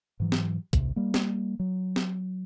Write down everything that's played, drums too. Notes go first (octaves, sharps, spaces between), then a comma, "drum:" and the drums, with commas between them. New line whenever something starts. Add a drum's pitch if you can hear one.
G#2 E3 F#3
drum: snare
A1 D2 C3, drum: kick A#1, hi-hat
G3 A#3
drum: snare
F#3
drum: snare